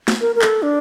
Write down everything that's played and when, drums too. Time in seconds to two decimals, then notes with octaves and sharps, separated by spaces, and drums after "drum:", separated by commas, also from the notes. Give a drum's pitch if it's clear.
0.08 drum: snare
0.21 A#4
0.36 A#4
0.42 A4, drum: clap
0.62 D4